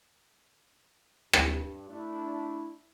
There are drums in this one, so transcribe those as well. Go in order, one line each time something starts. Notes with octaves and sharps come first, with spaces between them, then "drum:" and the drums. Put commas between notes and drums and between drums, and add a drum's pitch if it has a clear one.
G2, drum: rim click
A3 D4 E4